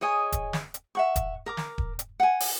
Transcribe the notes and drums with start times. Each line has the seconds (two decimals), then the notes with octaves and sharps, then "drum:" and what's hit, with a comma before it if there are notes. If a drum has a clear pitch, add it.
0.01 G#4 C#5 D#5 G#5
0.32 drum: kick D#1, hi-hat
0.53 drum: snare
0.74 drum: hi-hat
0.95 E5 F#5 C#6
1.16 drum: kick D#1, hi-hat
1.46 A#4 A#5 D6
1.57 drum: snare
1.78 drum: kick D#1
1.99 drum: hi-hat
2.20 F#5 G#5
2.40 drum: open hi-hat